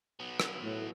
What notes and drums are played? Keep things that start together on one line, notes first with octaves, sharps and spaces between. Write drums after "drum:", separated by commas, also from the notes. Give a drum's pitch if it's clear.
F#3 B3
drum: rim click
A2